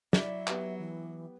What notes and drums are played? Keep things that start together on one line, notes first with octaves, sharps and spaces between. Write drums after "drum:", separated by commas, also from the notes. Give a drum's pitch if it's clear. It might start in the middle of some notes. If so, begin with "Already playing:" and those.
F#3 E4 D5 E5, drum: snare
B3 G4 B4, drum: clap
E3